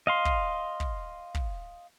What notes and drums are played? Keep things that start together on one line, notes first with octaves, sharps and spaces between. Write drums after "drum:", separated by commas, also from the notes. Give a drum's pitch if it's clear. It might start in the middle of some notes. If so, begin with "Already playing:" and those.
D#5 F5 C6
drum: kick
drum: kick
drum: kick